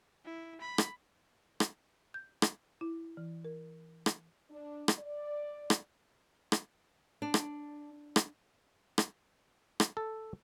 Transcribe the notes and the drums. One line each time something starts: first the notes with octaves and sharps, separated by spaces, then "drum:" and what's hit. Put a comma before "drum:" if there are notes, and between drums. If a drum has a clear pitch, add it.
E4
B5
drum: rim click
drum: rim click
G6
drum: rim click
E4
E3
A#4
drum: rim click
D4
drum: rim click
D5
drum: rim click
drum: rim click
D4
drum: rim click
drum: rim click
drum: rim click
drum: rim click
A4